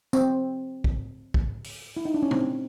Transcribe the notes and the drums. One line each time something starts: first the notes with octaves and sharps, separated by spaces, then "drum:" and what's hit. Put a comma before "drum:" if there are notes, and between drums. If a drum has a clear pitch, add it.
C4, drum: tambourine
drum: kick
drum: kick
drum: open hi-hat
E4
D#4
D4
C#4
C4, drum: tom A#2